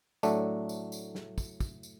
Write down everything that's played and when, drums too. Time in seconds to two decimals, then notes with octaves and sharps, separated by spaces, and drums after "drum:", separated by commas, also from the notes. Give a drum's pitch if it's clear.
0.23 A2 F#3 A3 D4, drum: tambourine
0.69 drum: tambourine
0.92 drum: tambourine
1.15 drum: snare
1.38 drum: kick, tambourine
1.60 drum: kick, tambourine
1.83 drum: tambourine